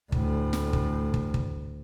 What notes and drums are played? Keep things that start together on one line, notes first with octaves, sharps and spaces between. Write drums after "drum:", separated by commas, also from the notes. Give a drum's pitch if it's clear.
D2 A2, drum: kick
drum: snare
drum: kick
drum: kick
drum: kick